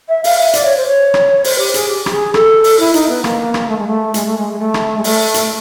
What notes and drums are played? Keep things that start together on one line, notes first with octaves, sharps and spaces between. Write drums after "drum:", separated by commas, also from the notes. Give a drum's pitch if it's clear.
E5
F5, drum: open hi-hat
E5
D5, drum: hi-hat
C#5
C5
C#5
drum: rim click
C5, drum: open hi-hat
G4
G#4, drum: hi-hat
G4
G4, drum: rim click
G#4
A4, drum: rim click
drum: open hi-hat
E4
D#4, drum: hi-hat
B3
A#3, drum: rim click
drum: rim click
A3
G#3
A3
G#3, drum: hi-hat
A3
G#3
G#3
A3
drum: rim click
G#3
A3, drum: open hi-hat
drum: hi-hat